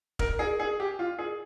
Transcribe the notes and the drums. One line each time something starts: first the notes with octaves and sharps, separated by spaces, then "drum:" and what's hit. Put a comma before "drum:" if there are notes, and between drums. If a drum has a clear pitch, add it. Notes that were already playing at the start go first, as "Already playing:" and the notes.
A#4, drum: kick
G#4
G#4
G4
F4
G#4